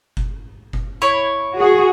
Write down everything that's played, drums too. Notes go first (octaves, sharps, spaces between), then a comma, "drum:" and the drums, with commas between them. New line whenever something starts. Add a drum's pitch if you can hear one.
drum: kick F#1
drum: kick F#1
E4 C#5
F#4 G#4